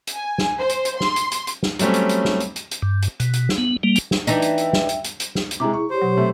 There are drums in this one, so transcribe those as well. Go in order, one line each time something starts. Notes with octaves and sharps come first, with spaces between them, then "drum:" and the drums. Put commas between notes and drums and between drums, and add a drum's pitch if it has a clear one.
drum: hi-hat
G#5
drum: snare
C5
drum: hi-hat
drum: hi-hat
C6, drum: snare
drum: hi-hat
drum: hi-hat
drum: hi-hat
drum: snare
F#3 G3 A3 C4 C#4, drum: hi-hat
drum: hi-hat
drum: hi-hat
drum: snare
drum: hi-hat
drum: hi-hat
drum: hi-hat
G2
drum: hi-hat
B2, drum: hi-hat
drum: hi-hat
drum: snare
B3
G3 A#3
drum: hi-hat
drum: snare
E3 D4 D#4 E5 G5, drum: hi-hat
drum: hi-hat
drum: hi-hat
drum: snare
drum: hi-hat
drum: hi-hat
drum: hi-hat
drum: snare
drum: hi-hat
C3 G#3 E4 G#4 A#5 D6
C#6
G4 C5 C#5
B2 F#3
C3 A3